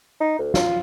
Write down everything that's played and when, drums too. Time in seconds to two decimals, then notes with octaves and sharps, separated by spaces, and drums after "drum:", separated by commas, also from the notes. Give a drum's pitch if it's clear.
0.20 D#4
0.39 D2
0.54 F4, drum: snare